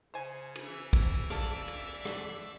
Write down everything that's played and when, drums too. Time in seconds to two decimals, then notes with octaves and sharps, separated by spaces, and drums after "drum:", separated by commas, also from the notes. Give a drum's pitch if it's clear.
0.14 C#3 C5 G#5
0.56 drum: cymbal
0.66 E3 E5
0.93 drum: kick, cymbal
1.30 A#3 A4 D5 F5, drum: rim click
1.68 drum: cymbal
2.05 drum: rim click